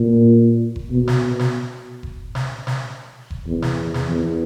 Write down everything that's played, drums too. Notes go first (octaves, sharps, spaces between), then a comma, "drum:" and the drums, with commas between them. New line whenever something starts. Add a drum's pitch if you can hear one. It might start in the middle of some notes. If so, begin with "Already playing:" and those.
Already playing: A#2
drum: kick F1
B2
drum: snare
drum: snare
drum: kick F1
drum: snare
drum: snare
drum: kick F1
E2
drum: snare
drum: snare
E2